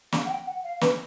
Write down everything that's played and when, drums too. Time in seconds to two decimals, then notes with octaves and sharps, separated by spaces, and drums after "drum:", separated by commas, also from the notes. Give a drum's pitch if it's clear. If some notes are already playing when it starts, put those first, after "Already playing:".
0.12 F5, drum: snare
0.25 F#5
0.30 G5
0.46 F#5
0.64 F5
0.81 B4, drum: snare